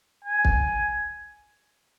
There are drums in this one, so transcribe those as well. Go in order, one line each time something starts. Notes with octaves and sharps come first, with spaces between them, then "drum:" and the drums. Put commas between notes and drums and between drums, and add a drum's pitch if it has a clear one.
G#5
drum: kick